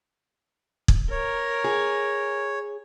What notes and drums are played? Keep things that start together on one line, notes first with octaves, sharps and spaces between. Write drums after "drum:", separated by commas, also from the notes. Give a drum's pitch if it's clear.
drum: kick
A#4 C#5
G#4